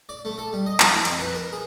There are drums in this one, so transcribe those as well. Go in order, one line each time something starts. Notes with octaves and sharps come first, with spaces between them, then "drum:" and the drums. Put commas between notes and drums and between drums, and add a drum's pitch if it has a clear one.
D5
A3
A4
G3
D#5
F3, drum: clap
E4
F2, drum: cymbal
B4
A#4
G#4